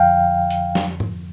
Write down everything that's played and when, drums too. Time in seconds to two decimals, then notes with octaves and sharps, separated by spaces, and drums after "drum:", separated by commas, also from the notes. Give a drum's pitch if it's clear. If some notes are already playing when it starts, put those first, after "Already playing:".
Already playing: F2 D3 F3 F5 G5
0.50 drum: hi-hat
0.75 drum: snare
1.00 drum: tom G#2